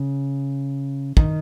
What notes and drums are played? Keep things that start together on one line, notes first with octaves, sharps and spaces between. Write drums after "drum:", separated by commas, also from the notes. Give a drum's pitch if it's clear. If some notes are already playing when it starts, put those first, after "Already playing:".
Already playing: C#3
D#3, drum: kick